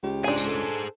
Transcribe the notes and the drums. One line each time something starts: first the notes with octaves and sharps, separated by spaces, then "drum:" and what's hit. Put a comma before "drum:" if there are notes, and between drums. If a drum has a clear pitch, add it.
C#2 G4
D4 G#4 C5 G#5
drum: tambourine
A4